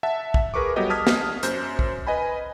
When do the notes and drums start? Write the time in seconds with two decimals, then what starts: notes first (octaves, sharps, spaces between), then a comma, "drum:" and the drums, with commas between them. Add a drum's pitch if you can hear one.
0.03 E5 F#5 A5
0.34 drum: kick
0.54 G#4 A#4 B4 C#6 D6
0.76 F#3 G3 B3 G4 A4 D#5
0.90 A5 D#6 F6 G#6 B6
1.07 drum: snare
1.43 F#2 C5 G6, drum: hi-hat
1.79 drum: kick
2.07 B4 D#5 G#5 B5